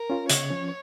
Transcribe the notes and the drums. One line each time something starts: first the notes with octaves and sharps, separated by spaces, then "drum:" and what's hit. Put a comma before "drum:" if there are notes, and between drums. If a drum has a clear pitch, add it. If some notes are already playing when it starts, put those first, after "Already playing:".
Already playing: A#4
C#4 F4
C#3 C#5, drum: hi-hat
F3 C#4